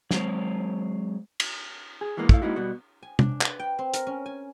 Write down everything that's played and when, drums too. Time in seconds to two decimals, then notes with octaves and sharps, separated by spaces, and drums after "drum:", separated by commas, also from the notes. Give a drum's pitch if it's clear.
0.11 F#3 G#3 C4 C5 C#5, drum: snare
1.40 drum: cymbal
2.01 G#4
2.17 E3 G#3 A#3 B3
2.29 A3 E4 F5, drum: kick
2.42 G#3 A#3 C4 D#4 E4 F#4
2.56 B2 G3 B3 F#4
3.03 G#5
3.19 D4, drum: tom
3.41 B4, drum: clap
3.59 G5
3.79 C4
3.94 A#4, drum: hi-hat
4.07 C#4
4.26 G#5